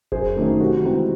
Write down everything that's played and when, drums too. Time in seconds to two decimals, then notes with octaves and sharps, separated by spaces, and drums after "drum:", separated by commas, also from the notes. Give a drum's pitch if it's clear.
0.12 F#2 G#4 C5, drum: kick F1
0.36 D#3 F#3 A3 C#4
0.60 C3 F#4
0.83 E3 G#3 C4